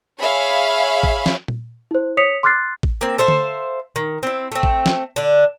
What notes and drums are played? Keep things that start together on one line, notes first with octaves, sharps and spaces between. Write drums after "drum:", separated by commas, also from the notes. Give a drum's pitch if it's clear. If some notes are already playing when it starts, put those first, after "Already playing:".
G#4 C#5 E5 F5 B5
drum: kick
drum: snare
drum: tom A#2
E4 C5
C#5 D#6 B6 C#7 F7
C6 D6 F6 F#6 A6 C7
drum: kick
A#3 C4
A4 C5 E5 F5
drum: tom D3
D#3
C4 E4
A3 C4
drum: kick
drum: snare
D3 D4